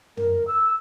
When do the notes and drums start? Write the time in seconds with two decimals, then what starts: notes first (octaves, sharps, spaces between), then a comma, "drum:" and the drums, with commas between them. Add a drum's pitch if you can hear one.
0.17 A#4, drum: tom
0.48 E6